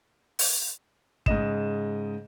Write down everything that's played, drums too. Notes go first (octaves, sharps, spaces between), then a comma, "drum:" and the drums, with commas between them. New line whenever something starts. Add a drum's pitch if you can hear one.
drum: open hi-hat
G#2 C#3 D#5 E7, drum: kick